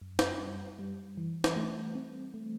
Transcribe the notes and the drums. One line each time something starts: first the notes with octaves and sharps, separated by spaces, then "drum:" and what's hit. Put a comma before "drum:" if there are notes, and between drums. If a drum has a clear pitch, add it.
F#2
drum: snare
G3
G3
E3
drum: snare
A3
C4
A3